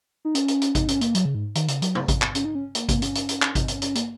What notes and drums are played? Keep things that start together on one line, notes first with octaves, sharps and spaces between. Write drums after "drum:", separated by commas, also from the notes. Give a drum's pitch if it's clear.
D#4
C#4, drum: hi-hat
drum: hi-hat
drum: hi-hat
D#4, drum: kick G#1, hi-hat
C#4, drum: hi-hat
A#3, drum: hi-hat
F#3, drum: hi-hat
C#3
G#2
D#3, drum: hi-hat
C#3, drum: hi-hat
F#3, drum: hi-hat
drum: tom
drum: kick G#1, hi-hat
drum: clap
C#4, drum: hi-hat
D#4
C#4
A#3, drum: hi-hat
A#3, drum: kick G#1, hi-hat
C#4, drum: hi-hat
drum: hi-hat
drum: hi-hat
drum: clap
D#4, drum: kick G#1, hi-hat
C#4, drum: hi-hat
C#4, drum: hi-hat
A#3, drum: hi-hat